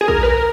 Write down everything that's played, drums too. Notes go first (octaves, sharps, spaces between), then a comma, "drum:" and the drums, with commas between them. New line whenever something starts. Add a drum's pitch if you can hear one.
G#4
A#4, drum: kick
B4
A#4